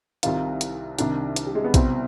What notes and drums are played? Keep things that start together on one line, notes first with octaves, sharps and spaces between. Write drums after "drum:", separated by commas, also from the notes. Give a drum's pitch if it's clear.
C2 C3 D#3 F4, drum: hi-hat
drum: hi-hat
C2 C3 D#3 D4, drum: hi-hat
drum: hi-hat
G3
G#3
B3
C2 B2 C4, drum: kick A#1, hi-hat